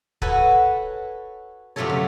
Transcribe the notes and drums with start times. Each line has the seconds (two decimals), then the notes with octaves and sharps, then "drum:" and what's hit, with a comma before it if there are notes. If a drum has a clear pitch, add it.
0.22 F#4 A4 B4 C#5 F#5 G#5, drum: kick
1.76 F#2 C3 A3 F4 A4 C#5
1.90 drum: tom